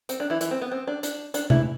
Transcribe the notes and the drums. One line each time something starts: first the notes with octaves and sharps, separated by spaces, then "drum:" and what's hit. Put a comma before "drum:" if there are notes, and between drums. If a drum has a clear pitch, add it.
C4, drum: hi-hat
D4
E3 E4
E3 E4, drum: hi-hat
C4
B3
C4
D4
D4, drum: hi-hat
D4, drum: hi-hat
E3 E4, drum: tom C3